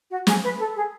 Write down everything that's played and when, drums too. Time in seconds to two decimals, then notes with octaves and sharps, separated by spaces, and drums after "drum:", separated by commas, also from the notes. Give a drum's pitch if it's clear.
0.10 F#4
0.27 G#4, drum: snare
0.43 B4
0.59 A4
0.75 G#4